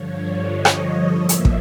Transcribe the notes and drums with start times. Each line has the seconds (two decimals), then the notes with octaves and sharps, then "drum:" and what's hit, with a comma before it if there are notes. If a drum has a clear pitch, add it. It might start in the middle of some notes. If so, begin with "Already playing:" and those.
Already playing: G2 D3 F3 C#5
0.49 D#5
0.65 drum: rim click
1.13 A2 F3 A#3 E5
1.29 drum: hi-hat
1.45 drum: kick